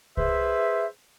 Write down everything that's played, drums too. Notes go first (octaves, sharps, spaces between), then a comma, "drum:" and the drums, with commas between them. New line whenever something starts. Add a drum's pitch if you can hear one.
G#4 B4 C5 E5, drum: kick C2